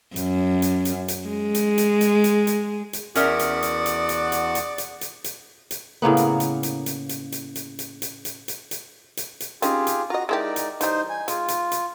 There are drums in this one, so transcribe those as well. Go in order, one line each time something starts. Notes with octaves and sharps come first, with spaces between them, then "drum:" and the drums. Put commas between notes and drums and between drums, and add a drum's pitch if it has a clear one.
F#2, drum: hi-hat
drum: hi-hat
drum: hi-hat
drum: hi-hat
G#3
drum: hi-hat
drum: hi-hat
drum: hi-hat
drum: hi-hat
drum: hi-hat
drum: hi-hat
E2 C#4 F#4 A#4 D5 E5 F#5 D#6, drum: hi-hat
drum: hi-hat
drum: hi-hat
drum: hi-hat
drum: hi-hat
drum: hi-hat
drum: hi-hat
drum: hi-hat
drum: hi-hat
drum: hi-hat
drum: hi-hat
A2 C#3 A#3 B3
drum: hi-hat
drum: hi-hat
drum: hi-hat
drum: hi-hat
drum: hi-hat
drum: hi-hat
drum: hi-hat
drum: hi-hat
drum: hi-hat
drum: hi-hat
drum: hi-hat
drum: hi-hat
drum: hi-hat
drum: hi-hat
C4 C#4 D#4 F4 G4 G#4, drum: hi-hat
drum: hi-hat
F4 F#4 D#5 A#5
G#3 D#4 E4 G4 A#4 D5
drum: hi-hat
E3 G3 D#4 C5, drum: hi-hat
G#5
G#3 F4, drum: hi-hat
drum: hi-hat
drum: hi-hat